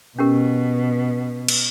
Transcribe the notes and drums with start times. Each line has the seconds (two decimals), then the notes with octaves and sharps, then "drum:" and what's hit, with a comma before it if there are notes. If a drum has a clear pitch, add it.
0.19 B2 C#4 G4 A#4
1.48 drum: cymbal